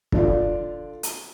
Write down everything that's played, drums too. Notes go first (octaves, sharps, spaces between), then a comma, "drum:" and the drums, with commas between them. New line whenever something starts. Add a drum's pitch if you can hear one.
D3 D4 F4, drum: kick
drum: hi-hat